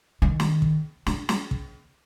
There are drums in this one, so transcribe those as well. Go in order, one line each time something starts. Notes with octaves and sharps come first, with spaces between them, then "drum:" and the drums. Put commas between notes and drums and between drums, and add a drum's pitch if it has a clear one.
D#3
drum: snare
drum: kick
D4, drum: snare
drum: snare
drum: kick